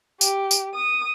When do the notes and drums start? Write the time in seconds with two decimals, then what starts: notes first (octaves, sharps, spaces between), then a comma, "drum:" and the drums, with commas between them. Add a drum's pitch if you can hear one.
0.21 G4, drum: tambourine
0.51 drum: tambourine
0.75 D#6